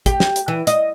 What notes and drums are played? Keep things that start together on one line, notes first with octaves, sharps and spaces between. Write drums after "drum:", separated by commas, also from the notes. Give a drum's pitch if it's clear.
G4, drum: kick, hi-hat
drum: snare
drum: hi-hat
E3
D#5, drum: hi-hat